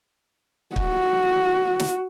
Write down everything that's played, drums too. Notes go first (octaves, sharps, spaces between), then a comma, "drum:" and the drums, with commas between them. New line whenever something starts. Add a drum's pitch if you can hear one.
F#4, drum: kick
drum: snare